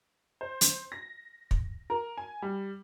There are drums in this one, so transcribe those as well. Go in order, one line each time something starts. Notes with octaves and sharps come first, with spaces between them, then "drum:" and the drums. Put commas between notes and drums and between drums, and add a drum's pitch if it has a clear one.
C5
drum: hi-hat
A#6
drum: kick
A#4
G#5
G3